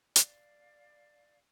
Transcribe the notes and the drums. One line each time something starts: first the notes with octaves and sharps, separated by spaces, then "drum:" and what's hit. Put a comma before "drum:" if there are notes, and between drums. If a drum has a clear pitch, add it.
D5 F5, drum: hi-hat